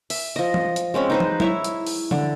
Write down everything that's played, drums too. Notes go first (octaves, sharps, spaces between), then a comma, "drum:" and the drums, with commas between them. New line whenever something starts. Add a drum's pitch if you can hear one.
E5, drum: open hi-hat
F3 D#5
drum: tom
drum: hi-hat
G#3 C4 C#4 B5
D#4 B4 C5
drum: tom
E4 C#5 E5, drum: tom F#3
drum: hi-hat
drum: open hi-hat
D3, drum: tom